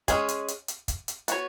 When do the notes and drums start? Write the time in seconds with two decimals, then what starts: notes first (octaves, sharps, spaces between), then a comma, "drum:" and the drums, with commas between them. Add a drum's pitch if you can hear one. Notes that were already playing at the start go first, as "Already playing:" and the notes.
0.08 G#3 C#4 G#4, drum: kick, hi-hat
0.29 drum: hi-hat
0.48 drum: hi-hat
0.68 drum: hi-hat
0.88 drum: kick, hi-hat
1.08 drum: hi-hat
1.28 B3 F#4 C#5, drum: hi-hat